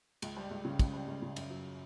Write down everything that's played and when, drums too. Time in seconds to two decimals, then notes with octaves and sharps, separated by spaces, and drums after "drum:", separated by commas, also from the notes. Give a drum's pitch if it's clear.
0.22 C#2, drum: cymbal
0.37 G3
0.51 C#2
0.65 C#3
0.79 C#2, drum: kick, cymbal
0.93 G3
1.08 C#2
1.22 C#3
1.36 F#2, drum: cymbal
1.50 F#3